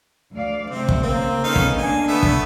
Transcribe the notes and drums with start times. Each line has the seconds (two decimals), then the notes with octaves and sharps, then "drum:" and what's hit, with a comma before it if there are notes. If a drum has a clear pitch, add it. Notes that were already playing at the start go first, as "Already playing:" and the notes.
0.33 D2 D5 F5
0.70 C3 A3 C4
0.89 drum: kick
1.03 C#3 A#3 C4
1.44 B3 C#4 D#4 A4 F5
1.56 drum: kick
1.78 D3 A#3 D4 G#5
2.08 A3 B3 E5
2.23 drum: kick